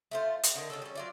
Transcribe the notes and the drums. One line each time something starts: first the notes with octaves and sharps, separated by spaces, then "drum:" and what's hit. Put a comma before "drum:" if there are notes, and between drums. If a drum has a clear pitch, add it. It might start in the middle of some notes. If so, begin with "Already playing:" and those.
A3 F4 C5
C4, drum: hi-hat
D3 D#3
C#3 C#4 A4
G3 C#4
F#3 F4 D5